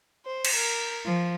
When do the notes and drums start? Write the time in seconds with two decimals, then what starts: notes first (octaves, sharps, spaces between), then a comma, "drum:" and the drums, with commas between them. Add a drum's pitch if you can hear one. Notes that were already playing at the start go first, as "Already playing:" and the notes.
0.25 C5
0.45 drum: cymbal
0.55 A#4
1.07 F3